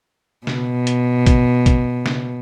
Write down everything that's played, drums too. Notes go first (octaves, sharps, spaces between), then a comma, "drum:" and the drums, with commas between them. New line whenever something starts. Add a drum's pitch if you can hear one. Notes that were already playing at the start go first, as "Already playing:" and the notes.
B2, drum: snare
drum: hi-hat
drum: kick A1, hi-hat
drum: kick A1, hi-hat
drum: snare